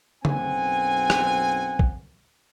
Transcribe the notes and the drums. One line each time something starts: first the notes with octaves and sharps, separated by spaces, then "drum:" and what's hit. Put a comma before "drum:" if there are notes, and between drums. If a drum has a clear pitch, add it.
B1 F#2 C4 F#5 G#5, drum: tom C#3
drum: rim click
drum: kick